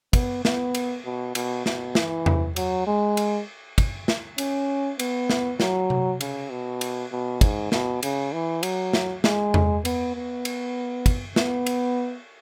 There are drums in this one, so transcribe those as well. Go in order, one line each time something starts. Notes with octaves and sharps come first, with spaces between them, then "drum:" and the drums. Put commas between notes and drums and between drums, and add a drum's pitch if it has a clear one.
B3, drum: kick, cymbal
B3, drum: snare
drum: cymbal
B2
B2, drum: cymbal
B2, drum: snare
E3, drum: snare
drum: tom E2
F#3, drum: cymbal
G#3
drum: cymbal
drum: kick, cymbal
drum: snare
C#4, drum: cymbal
B3, drum: cymbal
drum: snare
F#3, drum: snare
drum: tom C3
C#3, drum: cymbal
B2
drum: cymbal
B2
G#2, drum: kick, cymbal
B2, drum: snare
C#3, drum: cymbal
E3
F#3, drum: cymbal
drum: snare
G#3, drum: snare
drum: tom E2
B3, drum: cymbal
B3
drum: cymbal
drum: kick, cymbal
B3, drum: snare
drum: cymbal